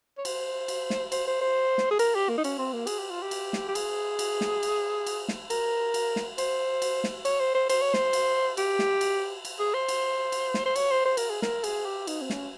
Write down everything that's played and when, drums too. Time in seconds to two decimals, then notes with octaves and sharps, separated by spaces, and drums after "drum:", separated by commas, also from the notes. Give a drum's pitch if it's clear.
0.18 C#5
0.25 C5, drum: cymbal
0.68 drum: cymbal
0.90 drum: snare
1.12 C5, drum: cymbal
1.27 C5
1.41 C5
1.78 drum: snare
1.91 G#4
1.99 A#4, drum: cymbal
2.15 G4
2.29 A#3
2.38 D#4
2.44 C#4, drum: cymbal
2.58 C4
2.73 A#3
2.87 G#4, drum: cymbal
2.99 G4
3.10 F4
3.22 G4
3.31 drum: cymbal
3.53 drum: snare
3.68 G4
3.75 G#4, drum: cymbal
4.19 drum: cymbal
4.41 drum: snare
4.63 drum: cymbal
5.07 drum: cymbal
5.28 drum: snare
5.50 A#4, drum: cymbal
5.94 drum: cymbal
6.16 drum: snare
6.38 C5, drum: cymbal
6.82 drum: cymbal
7.04 drum: snare
7.25 C#5, drum: cymbal
7.40 C5
7.55 C5
7.70 C5, drum: cymbal
7.81 C#5
7.94 C5, drum: snare
8.13 drum: cymbal
8.57 G4, drum: cymbal
8.79 drum: snare
9.01 drum: cymbal
9.45 drum: cymbal
9.59 G#4
9.74 C5
9.88 drum: cymbal
10.32 drum: cymbal
10.54 drum: snare
10.65 C5
10.76 C#5, drum: cymbal
10.91 C5
11.05 C5
11.17 A#4, drum: cymbal
11.30 G#4
11.42 A#4, drum: snare
11.64 G#4, drum: cymbal
11.85 G4
12.07 D#4, drum: cymbal
12.21 C4
12.30 C#4, drum: snare